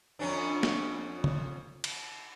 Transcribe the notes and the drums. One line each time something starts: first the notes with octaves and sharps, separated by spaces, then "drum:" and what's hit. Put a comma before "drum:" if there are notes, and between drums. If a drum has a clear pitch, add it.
F2 C#4 D4
drum: snare
drum: tom
drum: cymbal